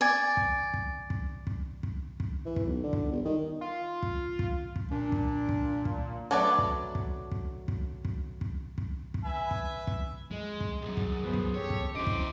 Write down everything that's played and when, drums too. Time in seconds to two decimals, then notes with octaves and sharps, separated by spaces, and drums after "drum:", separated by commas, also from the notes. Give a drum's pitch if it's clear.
0.01 D5 G#5
0.37 drum: kick
0.74 drum: kick
1.10 drum: kick
1.47 drum: kick
1.83 drum: kick
2.20 drum: kick
2.46 E3
2.56 drum: kick
2.66 B1
2.84 D3
2.93 drum: kick
3.11 G1
3.25 D#3
3.61 F4
4.03 drum: kick
4.39 drum: kick
4.76 drum: kick
4.91 A#2 D4
5.12 drum: kick
5.49 drum: kick
5.85 drum: kick
6.31 F#3 A3 D4 B4 D5
6.58 drum: kick
6.95 drum: kick
7.31 drum: kick
7.68 drum: kick
8.05 drum: kick
8.41 drum: kick
8.78 drum: kick
9.14 drum: kick
9.24 B4 E5 G#5
9.51 drum: kick
9.87 drum: kick
10.31 F2 F3 G#3 D#5
10.60 drum: kick
10.82 B1 F#2 G3 G#4
10.97 drum: kick
11.23 G2 F3 F#3 B3 C5
11.34 drum: kick
11.54 G4 A4 C#5
11.70 drum: kick
11.95 D1 C#4 D4 E4 C5 D#5 C6 D6
12.07 drum: kick